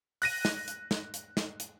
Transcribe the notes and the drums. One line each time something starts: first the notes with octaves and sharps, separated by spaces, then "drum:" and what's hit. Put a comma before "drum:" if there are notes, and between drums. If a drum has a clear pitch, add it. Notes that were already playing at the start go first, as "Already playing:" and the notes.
F#6 A#6 D#7, drum: open hi-hat
drum: snare
drum: hi-hat
drum: snare
drum: hi-hat
drum: snare
drum: hi-hat